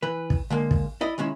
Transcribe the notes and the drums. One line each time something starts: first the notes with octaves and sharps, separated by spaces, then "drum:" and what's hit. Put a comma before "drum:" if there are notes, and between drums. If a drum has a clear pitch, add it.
E3 B4
drum: kick
D3 G#3 A#3
drum: kick
E4 D5 D#5
D#3 G#3 C#4 E4